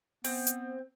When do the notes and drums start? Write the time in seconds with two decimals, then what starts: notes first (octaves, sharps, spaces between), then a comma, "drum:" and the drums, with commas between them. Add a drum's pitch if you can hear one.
0.24 B3 C4, drum: open hi-hat
0.47 drum: hi-hat